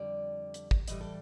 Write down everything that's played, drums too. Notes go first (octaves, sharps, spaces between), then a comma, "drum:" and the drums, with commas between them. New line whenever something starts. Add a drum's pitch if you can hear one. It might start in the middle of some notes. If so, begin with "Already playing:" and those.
Already playing: F2 D3 G3 D5
drum: hi-hat
drum: kick
A2 E3 G3 D#5, drum: hi-hat
A4